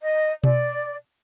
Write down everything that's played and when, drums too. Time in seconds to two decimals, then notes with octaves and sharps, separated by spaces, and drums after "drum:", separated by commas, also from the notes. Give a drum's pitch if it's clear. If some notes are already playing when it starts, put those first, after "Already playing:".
0.01 D#5
0.44 D5, drum: tom B2